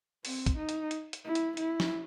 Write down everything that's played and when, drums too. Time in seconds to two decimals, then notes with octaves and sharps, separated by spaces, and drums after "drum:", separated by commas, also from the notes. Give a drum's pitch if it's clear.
0.25 C4, drum: open hi-hat
0.46 drum: kick, hi-hat
0.57 D#4
0.69 drum: hi-hat
0.91 drum: hi-hat
1.13 drum: hi-hat
1.24 E4
1.35 drum: hi-hat
1.57 E4, drum: hi-hat
1.80 drum: snare